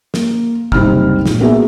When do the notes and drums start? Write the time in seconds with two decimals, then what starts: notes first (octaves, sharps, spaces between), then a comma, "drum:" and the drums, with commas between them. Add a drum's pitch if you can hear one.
0.14 A#3, drum: snare
0.72 F#1 C2 C4 D#4 B5 F6, drum: kick
1.26 A#1, drum: snare
1.40 A#3 B3 F#4 G#4 E5